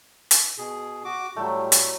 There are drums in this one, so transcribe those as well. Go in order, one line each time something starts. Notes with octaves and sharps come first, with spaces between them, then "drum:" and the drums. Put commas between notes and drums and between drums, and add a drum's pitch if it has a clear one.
drum: hi-hat
B2 G#4
F#4 D6
A2 F#3 G3 A3
drum: hi-hat